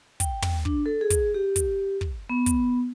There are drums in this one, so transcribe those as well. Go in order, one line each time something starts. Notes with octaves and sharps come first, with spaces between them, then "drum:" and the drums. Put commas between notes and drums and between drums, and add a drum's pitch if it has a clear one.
G5, drum: kick, hi-hat
drum: tom
D4, drum: kick
A4
G#4
drum: kick, hi-hat
G4
drum: kick, hi-hat
drum: kick
B3
drum: kick, hi-hat